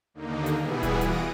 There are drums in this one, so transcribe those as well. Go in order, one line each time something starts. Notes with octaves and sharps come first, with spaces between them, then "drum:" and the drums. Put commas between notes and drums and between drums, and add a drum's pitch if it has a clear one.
D#2 D3 A#3 D#4
drum: hi-hat
B2 E3 G3 B3 E4 G#4
drum: kick D1, hi-hat
E3 F4 F#5 D#6 A#6 D7, drum: hi-hat